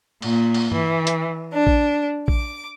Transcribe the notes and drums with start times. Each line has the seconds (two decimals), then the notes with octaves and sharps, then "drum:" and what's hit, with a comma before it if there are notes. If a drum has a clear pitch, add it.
0.22 A#2, drum: cymbal
0.54 drum: cymbal
0.72 E3, drum: tom G2
1.07 drum: hi-hat
1.53 D4
1.67 drum: kick A#1
2.28 D6, drum: kick A#1